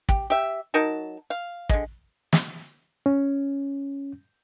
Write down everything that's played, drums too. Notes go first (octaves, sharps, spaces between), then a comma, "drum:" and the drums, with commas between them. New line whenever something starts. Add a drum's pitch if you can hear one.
G4, drum: kick
G4 E5
F#3 D#4 A#4 A5
F5
D3 G#3, drum: kick
drum: snare
C#4